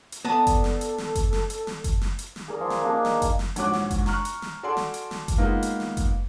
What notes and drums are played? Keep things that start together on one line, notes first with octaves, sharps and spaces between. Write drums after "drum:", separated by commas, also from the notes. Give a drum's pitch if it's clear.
drum: hi-hat
B3 D4 A4 A5 A#5 D#6
drum: kick F#1, hi-hat
drum: snare
drum: hi-hat
drum: snare
drum: kick F#1, hi-hat
drum: snare
drum: hi-hat
drum: snare
drum: kick F#1, hi-hat
drum: snare
drum: hi-hat
drum: snare
G#4 A#4 D5
F3 F4
drum: snare
A#3 D4 D#4 A#4
drum: snare
drum: kick F#1, hi-hat
drum: snare
A#1 G#2 F#4 C#5 D6 F#6, drum: hi-hat
drum: snare
drum: kick F#1, hi-hat
A#5 C#6 F6 F#6, drum: snare
drum: hi-hat
drum: snare
F#4 A4 D5 G#5 C6
drum: snare
drum: hi-hat
drum: snare
drum: kick F#1, hi-hat
G#3 A#3 B3 D#4 F4
drum: hi-hat
drum: snare
drum: kick F#1, hi-hat